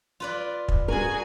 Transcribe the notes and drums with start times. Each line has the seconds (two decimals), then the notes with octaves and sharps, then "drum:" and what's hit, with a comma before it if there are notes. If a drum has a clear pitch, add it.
0.20 F4 B4 D5
0.68 drum: kick
0.88 D4 F#4 G#4 A#4 G#5